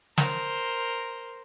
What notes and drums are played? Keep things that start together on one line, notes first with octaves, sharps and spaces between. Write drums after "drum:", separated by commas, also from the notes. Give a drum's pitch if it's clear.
A#4 C5, drum: snare